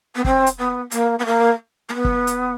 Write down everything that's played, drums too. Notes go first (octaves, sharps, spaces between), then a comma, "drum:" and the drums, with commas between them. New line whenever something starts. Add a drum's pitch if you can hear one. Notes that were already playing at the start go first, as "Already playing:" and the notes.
B3
C4, drum: kick
drum: hi-hat
B3
A#3, drum: hi-hat
B3
A#3
A#3
B3
drum: kick
drum: hi-hat